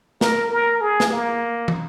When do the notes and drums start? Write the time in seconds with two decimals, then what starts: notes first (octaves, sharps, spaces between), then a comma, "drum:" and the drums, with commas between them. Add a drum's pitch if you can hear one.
0.21 A#4, drum: snare
0.51 A#4
0.81 G#4
1.00 drum: snare
1.11 A#3
1.68 drum: tom